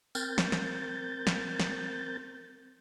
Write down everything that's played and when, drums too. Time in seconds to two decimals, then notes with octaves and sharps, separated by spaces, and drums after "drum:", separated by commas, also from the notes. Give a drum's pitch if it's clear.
0.15 C4 A#4 G6 A6, drum: tambourine
0.38 drum: snare
0.52 drum: snare
1.27 drum: snare
1.60 drum: snare